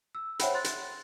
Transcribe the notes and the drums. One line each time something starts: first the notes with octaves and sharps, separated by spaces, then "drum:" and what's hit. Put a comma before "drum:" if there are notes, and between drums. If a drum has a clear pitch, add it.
E6
C5 C#5 E5 F#5 G5 B5, drum: hi-hat
C6 F#6 A6
drum: hi-hat